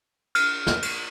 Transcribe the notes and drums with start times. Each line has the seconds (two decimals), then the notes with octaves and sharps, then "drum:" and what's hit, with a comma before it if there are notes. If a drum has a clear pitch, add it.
0.35 F6, drum: cymbal
0.67 drum: snare
0.82 drum: cymbal